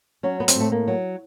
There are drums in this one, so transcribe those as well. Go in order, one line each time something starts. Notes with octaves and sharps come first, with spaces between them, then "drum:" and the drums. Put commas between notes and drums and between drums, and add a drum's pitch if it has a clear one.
F#3 C#4
B3
C4, drum: hi-hat
A2 A3
A#3
F#3